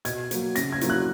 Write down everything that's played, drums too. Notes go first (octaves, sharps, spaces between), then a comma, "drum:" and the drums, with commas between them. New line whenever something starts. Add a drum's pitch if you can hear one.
B2 G#6, drum: hi-hat
F#3 A#3, drum: hi-hat
C#3 A#6, drum: hi-hat
G#6
F#3 A#3 E4, drum: hi-hat
F#6